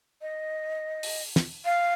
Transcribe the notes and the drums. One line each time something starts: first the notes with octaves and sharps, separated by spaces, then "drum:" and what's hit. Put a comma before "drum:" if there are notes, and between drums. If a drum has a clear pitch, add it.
D#5
drum: open hi-hat
drum: snare
F5